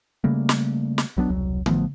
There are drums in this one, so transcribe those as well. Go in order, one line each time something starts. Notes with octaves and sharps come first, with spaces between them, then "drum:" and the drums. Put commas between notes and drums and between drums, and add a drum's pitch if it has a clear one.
C#3 G3 A3 A#3
drum: snare
drum: snare
B1 F#3 B3 D4
E1 C2 F#3
A1 F3 A3 B3, drum: tom D3